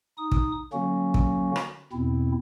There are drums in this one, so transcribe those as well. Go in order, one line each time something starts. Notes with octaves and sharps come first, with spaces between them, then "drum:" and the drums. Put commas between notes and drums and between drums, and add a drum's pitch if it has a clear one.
D#4 D#6
drum: kick
D3 F#3 A#3 C#4 F#4
drum: kick
drum: rim click
E2 B2 C4 E4